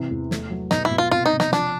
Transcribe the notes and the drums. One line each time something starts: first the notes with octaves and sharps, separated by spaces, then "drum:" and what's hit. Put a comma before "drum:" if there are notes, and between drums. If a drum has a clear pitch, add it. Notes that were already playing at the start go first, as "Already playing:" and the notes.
Already playing: C3 E3
E2
A3, drum: snare
F#3
B2 D#4, drum: snare
E4
B2
F4
C3 F4
D#4
C3
D#4, drum: snare
F3 D4, drum: snare